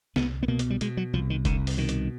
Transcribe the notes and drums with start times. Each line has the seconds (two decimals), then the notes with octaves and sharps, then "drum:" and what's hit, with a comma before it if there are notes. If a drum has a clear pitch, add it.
0.16 C2 B3, drum: snare
0.43 B3
0.48 B2 A#3
0.59 drum: hi-hat
0.70 G3
0.81 B2 G#3, drum: hi-hat
0.97 F#3
1.13 C2 F3
1.30 D#3
1.45 C2 D3, drum: kick F1, hi-hat
1.67 drum: open hi-hat
1.77 B2 D#3
1.89 drum: hi-hat